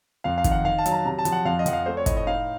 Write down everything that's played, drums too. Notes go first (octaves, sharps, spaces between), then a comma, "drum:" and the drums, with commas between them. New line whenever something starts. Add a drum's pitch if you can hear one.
F2 F5
F5
D#3, drum: kick, hi-hat
F#5
D#3 F5
A5
F#3, drum: hi-hat
A#5
C3 A#5
A5
F3, drum: hi-hat
F#5
F2 F5
D#5
F2 F#5, drum: hi-hat
F5
A3 C5
C#5
A2 D#5, drum: kick, hi-hat
D#5
D#4 F5